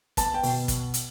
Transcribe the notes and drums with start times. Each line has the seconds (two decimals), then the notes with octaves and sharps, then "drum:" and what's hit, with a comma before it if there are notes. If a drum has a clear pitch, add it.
0.17 B3 A5, drum: kick, hi-hat
0.34 G5
0.43 B2, drum: open hi-hat
0.68 drum: kick, hi-hat
0.94 drum: hi-hat